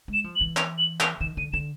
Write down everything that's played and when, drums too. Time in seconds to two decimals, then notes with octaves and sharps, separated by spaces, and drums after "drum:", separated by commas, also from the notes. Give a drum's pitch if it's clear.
0.08 G#3
0.13 E7
0.24 F3
0.36 F#7
0.41 E3
0.57 F7, drum: clap
0.78 F#7
1.00 F7, drum: clap
1.21 D#3 E7
1.37 D3 D#7
1.53 D3 E7